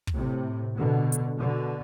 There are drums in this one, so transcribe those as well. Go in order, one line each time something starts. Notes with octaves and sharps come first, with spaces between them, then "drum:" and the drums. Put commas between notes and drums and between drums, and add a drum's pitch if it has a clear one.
drum: kick
A2 C3
B2 D3
drum: hi-hat
B2 D3